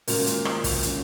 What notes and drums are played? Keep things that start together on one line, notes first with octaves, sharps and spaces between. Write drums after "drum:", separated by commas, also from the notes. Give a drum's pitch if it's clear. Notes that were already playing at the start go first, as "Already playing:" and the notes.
A#2 D#3 G#3 A#3 C#4 F#4, drum: open hi-hat
drum: hi-hat
drum: rim click
drum: kick, open hi-hat
D#3 G#3 C#4 F#4, drum: hi-hat